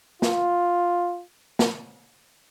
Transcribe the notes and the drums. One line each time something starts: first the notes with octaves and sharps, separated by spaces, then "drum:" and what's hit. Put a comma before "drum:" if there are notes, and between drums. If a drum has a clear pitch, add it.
F4, drum: snare
drum: snare